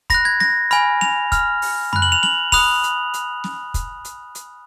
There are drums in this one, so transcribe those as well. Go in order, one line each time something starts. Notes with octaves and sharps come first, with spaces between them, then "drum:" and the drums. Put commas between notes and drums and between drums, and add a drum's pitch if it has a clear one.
B5 F#6 A#6, drum: kick, hi-hat
G#6
A#6, drum: snare
G#5 B5 F6, drum: hi-hat
F7, drum: snare
B5 F6, drum: kick, hi-hat
drum: open hi-hat
B5 F#6, drum: tom F2
F#7
F7
F#7, drum: snare
B5 D#6 F#6 F7, drum: kick, open hi-hat
drum: hi-hat
drum: hi-hat
drum: snare
drum: kick, hi-hat
drum: hi-hat
drum: hi-hat